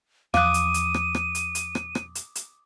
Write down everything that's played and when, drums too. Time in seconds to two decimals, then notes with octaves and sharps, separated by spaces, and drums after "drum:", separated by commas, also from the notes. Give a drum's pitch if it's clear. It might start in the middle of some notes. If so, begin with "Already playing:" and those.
0.34 E2 F3 F5 D6 D#6 F#6 D#7, drum: rim click
0.54 drum: hi-hat
0.74 drum: hi-hat
0.94 drum: rim click
1.15 drum: rim click
1.35 drum: hi-hat
1.55 drum: hi-hat
1.75 drum: rim click
1.95 drum: rim click
2.15 drum: hi-hat
2.35 drum: hi-hat